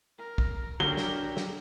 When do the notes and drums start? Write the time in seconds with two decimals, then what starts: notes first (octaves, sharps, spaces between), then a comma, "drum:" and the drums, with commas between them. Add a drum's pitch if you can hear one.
0.19 A#4
0.38 drum: kick
0.80 D4 F#4 G4 A4 A#4 C#5 G7, drum: tom D3
0.97 drum: snare
1.37 drum: snare